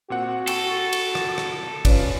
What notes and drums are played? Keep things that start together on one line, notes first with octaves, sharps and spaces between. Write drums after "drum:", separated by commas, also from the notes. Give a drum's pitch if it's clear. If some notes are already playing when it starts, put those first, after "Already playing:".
A#2 C4 F#4 F#5
A4 G5 C#6, drum: cymbal
drum: cymbal
drum: rim click
drum: rim click
C#4 F4 B4 D5, drum: kick G#1, cymbal